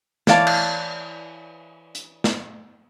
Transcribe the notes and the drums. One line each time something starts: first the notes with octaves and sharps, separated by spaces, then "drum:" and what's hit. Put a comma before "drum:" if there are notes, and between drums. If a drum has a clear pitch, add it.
E3 C#5 D5 F5 A5, drum: snare
drum: cymbal
drum: hi-hat
drum: snare